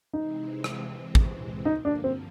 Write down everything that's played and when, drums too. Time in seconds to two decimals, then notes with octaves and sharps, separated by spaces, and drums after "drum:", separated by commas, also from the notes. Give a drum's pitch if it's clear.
0.13 C3 E3 G#3 C4 D#4
0.64 drum: rim click
1.15 drum: kick
1.65 G2 D3 F3 A#3 D#4
1.85 D4
2.04 C4